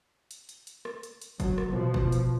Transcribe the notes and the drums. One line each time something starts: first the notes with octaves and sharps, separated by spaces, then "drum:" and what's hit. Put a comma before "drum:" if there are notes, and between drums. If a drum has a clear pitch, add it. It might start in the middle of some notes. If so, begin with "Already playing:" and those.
drum: hi-hat
drum: hi-hat
drum: hi-hat
drum: rim click
drum: hi-hat
drum: hi-hat
F#3, drum: kick, hi-hat
drum: rim click
B2 F3
drum: kick
drum: hi-hat